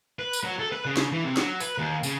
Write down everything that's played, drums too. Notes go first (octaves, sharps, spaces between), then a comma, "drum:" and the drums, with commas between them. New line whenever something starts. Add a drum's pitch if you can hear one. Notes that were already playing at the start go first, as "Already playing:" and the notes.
B4
drum: tambourine
F#3
A4
B4
C#3
drum: snare
E3
C3
F#3, drum: snare
B4, drum: tambourine
D#2
C#3, drum: tambourine